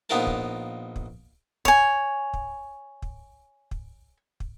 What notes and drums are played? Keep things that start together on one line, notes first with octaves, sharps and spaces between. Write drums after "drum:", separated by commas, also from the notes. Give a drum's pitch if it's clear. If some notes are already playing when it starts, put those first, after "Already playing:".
A#1 B3 D#4 F4 A#4 A5
drum: kick
drum: kick
C#5 G#5, drum: kick
drum: kick
drum: kick
drum: kick
drum: kick